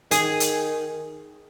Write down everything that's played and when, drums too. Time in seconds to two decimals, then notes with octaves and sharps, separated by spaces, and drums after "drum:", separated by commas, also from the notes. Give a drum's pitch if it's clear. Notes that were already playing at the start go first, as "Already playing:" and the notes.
0.11 D#3 G#4, drum: hi-hat
0.40 drum: hi-hat